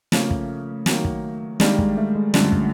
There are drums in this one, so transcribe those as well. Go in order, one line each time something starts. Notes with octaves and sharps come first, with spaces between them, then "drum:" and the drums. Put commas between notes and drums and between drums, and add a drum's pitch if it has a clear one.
C#3 F3 A3 A#3 C#4, drum: snare
drum: kick
D#3 F#3 A#3, drum: snare
drum: kick
D#3 G3 G#3 A#3 D4, drum: snare
G#3, drum: kick
A3
G#3
F#2 D3 F3 G3 A3, drum: snare
drum: kick